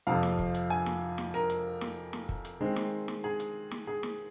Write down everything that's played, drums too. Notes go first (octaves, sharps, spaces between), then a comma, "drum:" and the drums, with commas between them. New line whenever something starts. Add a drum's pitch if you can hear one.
F2 C3 F3 F5
drum: snare
drum: kick
drum: hi-hat
G#5
drum: snare
drum: snare
A#4
drum: hi-hat
drum: snare
drum: snare
drum: kick
drum: hi-hat
D#3 G#3 C4
drum: snare
drum: snare
G#4
drum: hi-hat
drum: snare
G#4
drum: snare